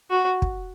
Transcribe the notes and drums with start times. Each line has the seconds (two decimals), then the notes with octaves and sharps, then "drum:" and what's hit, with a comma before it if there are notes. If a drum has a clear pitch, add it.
0.10 F#4
0.42 drum: kick